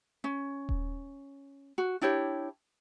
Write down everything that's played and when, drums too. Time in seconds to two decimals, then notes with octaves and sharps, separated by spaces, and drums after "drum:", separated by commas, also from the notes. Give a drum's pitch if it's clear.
0.24 C#4
0.69 drum: kick D#1
1.78 F#4
2.01 D4 E4 G4 C#5